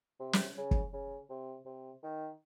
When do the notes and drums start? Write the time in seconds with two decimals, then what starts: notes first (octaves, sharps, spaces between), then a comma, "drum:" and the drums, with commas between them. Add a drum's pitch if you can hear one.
0.20 C3
0.33 drum: snare
0.58 C#3
0.71 drum: kick
0.93 C#3
1.30 C3
1.66 C3
2.03 D#3